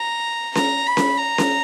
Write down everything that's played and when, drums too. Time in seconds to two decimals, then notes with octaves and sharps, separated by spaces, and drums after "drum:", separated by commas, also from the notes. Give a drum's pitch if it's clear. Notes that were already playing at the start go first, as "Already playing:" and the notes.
Already playing: A#5
0.55 A#5, drum: snare C#4
0.86 B5
0.97 drum: snare C#4
1.17 A#5
1.38 drum: snare C#4